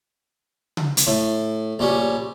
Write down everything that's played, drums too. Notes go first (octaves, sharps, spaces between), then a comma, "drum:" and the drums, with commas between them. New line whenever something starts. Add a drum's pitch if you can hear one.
drum: tom C#3
drum: hi-hat
A2
A#1 G3 C#4